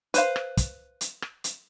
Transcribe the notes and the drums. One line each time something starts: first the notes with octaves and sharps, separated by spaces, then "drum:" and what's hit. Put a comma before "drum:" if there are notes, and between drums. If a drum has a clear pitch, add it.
B4 C5 F5, drum: hi-hat
drum: rim click
drum: kick, hi-hat
drum: hi-hat
drum: rim click
drum: hi-hat